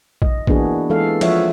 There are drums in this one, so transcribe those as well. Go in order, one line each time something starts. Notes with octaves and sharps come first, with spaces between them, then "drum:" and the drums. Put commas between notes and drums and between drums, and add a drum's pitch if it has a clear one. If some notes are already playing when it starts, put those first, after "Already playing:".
D#5, drum: kick A#1
E3 A#3 B3 D4 F#4 G#4, drum: kick A#1
E3 G#3 A4 F5
F3 C#5 E5 F#5, drum: cymbal